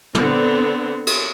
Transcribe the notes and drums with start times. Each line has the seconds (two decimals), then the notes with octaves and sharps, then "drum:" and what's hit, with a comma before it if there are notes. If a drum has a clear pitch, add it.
0.15 D3 B3 C4, drum: tom
1.07 drum: cymbal